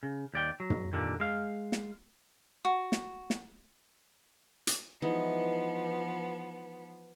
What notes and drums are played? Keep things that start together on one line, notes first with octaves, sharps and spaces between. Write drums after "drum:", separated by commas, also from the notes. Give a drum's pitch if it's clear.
C#3
D#2 D5 G5
F#3
drum: tom
D#2 A#2 D3
G#3 F5
drum: snare
F#4
drum: snare
drum: snare
drum: hi-hat
E3 F3 G#3 B3 D#4